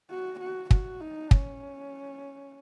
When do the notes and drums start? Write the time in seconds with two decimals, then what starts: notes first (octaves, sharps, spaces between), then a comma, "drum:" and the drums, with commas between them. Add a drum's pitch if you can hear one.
0.10 F#4
0.40 F#4
0.71 F#4, drum: kick
1.01 D#4
1.31 C#4, drum: kick